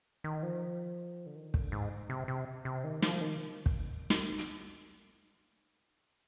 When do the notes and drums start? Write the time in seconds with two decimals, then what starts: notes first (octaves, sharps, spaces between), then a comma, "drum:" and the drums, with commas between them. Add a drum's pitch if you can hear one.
0.24 D#3
0.43 F3
1.26 D3
1.35 D#3
1.54 D3, drum: kick
1.72 G#2
2.10 C3
2.28 C3
2.65 C3
2.84 D#3
3.02 F3, drum: snare
3.21 D#3
3.66 drum: kick
4.10 drum: snare
4.38 drum: hi-hat